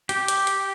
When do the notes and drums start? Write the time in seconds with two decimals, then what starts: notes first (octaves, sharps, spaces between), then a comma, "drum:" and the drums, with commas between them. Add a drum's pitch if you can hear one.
0.09 G4, drum: hi-hat
0.28 drum: hi-hat
0.47 drum: hi-hat